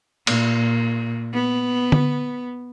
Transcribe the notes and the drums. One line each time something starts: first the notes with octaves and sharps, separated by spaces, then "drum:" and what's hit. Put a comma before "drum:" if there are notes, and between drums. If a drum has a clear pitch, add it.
A#2, drum: cymbal
B3
drum: tom D3